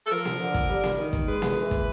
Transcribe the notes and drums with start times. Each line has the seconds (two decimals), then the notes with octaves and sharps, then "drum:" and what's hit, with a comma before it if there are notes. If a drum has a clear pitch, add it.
0.06 A4
0.10 F3 A#4
0.25 drum: snare A#3
0.39 D3
0.54 drum: kick, hi-hat
0.69 G3
0.84 drum: snare A#3
0.98 D#3
1.13 drum: kick, hi-hat
1.27 G#3 B4
1.42 drum: snare A#3
1.56 E3
1.71 drum: kick, hi-hat